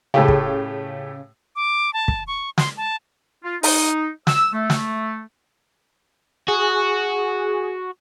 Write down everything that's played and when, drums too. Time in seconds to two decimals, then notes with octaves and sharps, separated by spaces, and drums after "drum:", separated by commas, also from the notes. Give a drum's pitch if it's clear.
0.14 A2 C#3 A3 G4
0.28 drum: kick
1.56 D6
1.94 A5
2.08 drum: kick
2.27 C#6
2.58 C6, drum: snare
2.77 A5
3.44 F4
3.63 D#4, drum: open hi-hat
4.27 E6, drum: snare
4.53 A3
4.70 drum: snare
6.48 F#4 G#4